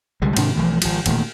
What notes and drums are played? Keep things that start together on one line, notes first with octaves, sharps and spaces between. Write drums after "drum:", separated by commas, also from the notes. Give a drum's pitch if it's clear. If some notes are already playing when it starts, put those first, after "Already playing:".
C2 D3 G3 G#3
G#2 C3 D#3 D4, drum: cymbal
B1 E3 F3 A3
G#1 F3, drum: cymbal
E1 A#2 D#3 A3, drum: cymbal